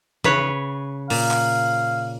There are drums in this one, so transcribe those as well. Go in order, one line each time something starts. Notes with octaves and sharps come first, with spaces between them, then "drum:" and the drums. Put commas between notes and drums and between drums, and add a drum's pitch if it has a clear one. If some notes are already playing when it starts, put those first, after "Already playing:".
C#3 B4 C#5, drum: tom
A#2 F5, drum: open hi-hat
drum: clap